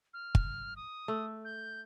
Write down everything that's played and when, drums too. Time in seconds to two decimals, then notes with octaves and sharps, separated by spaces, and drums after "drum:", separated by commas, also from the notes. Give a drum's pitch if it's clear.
0.14 F6
0.35 drum: kick
0.76 D#6
1.08 A3
1.45 G6